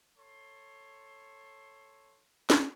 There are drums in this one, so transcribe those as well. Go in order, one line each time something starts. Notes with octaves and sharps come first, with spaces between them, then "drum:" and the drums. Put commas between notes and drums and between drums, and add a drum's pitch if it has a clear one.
A4 C#5 C6
drum: snare